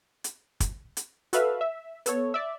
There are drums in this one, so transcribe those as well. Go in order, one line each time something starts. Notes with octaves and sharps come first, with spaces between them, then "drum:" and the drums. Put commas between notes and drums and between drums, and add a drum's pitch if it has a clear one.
drum: hi-hat
drum: kick, hi-hat
drum: hi-hat
F#4 A4 B4 E5 F5, drum: hi-hat
E5
B3 A4 C#5, drum: hi-hat
D5 E5